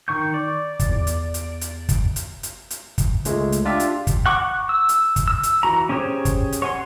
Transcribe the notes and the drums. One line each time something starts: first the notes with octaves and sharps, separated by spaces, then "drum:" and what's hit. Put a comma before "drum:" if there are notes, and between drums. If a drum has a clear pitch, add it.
D#3 C#6 G6
D5
drum: kick, hi-hat
E2
drum: hi-hat
drum: hi-hat
drum: hi-hat
drum: kick, hi-hat
drum: hi-hat
drum: hi-hat
drum: hi-hat
drum: kick, hi-hat
C#2 G#3 A3, drum: hi-hat
drum: hi-hat
D4 F4 G4 E5
drum: hi-hat
drum: kick, hi-hat
F#5 C#6 D6
E6
drum: hi-hat
drum: kick, hi-hat
E6
drum: hi-hat
E3 F#4 A#5
C#4 G4 G#4 C5 C#5
drum: kick, hi-hat
drum: hi-hat
C#5 F#5 G#5 C6